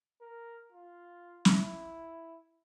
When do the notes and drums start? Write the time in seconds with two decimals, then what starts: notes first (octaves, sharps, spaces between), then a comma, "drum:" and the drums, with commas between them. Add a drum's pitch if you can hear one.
0.22 A#4
0.72 F4
1.45 E4, drum: snare